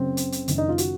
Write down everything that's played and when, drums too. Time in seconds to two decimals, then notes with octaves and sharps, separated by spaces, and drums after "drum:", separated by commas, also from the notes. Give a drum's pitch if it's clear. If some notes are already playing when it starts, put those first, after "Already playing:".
Already playing: F#1 F#2 C#3 C4
0.17 drum: hi-hat
0.32 drum: hi-hat
0.48 F#1 F#2 D#3, drum: hi-hat
0.58 D#4
0.69 F4
0.78 F#4, drum: hi-hat